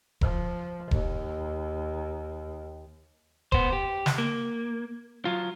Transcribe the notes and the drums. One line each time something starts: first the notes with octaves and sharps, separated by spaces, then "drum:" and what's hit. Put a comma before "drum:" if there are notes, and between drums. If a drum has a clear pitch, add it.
F3, drum: kick E1
D#2, drum: kick E1
B3 C5, drum: kick E1
G4
drum: snare
A#3
F#3 F4